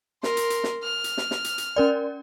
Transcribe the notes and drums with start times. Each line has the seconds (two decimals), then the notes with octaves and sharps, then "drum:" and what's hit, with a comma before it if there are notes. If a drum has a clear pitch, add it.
0.23 A#4 C6, drum: snare
0.37 drum: hi-hat
0.50 drum: hi-hat
0.64 drum: snare
0.83 F6
1.04 drum: hi-hat
1.17 drum: snare
1.31 drum: snare
1.44 drum: hi-hat
1.58 drum: hi-hat
1.76 C#4 A#4 D5